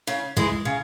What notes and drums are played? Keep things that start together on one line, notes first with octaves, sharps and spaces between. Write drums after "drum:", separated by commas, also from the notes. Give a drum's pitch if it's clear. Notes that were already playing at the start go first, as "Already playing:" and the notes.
C#3
E3 G#3, drum: kick
C#3